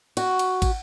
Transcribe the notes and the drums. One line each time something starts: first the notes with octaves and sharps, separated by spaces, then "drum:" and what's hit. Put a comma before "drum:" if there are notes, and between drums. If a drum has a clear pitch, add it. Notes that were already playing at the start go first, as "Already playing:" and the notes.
F#4, drum: cymbal
drum: cymbal
drum: kick, cymbal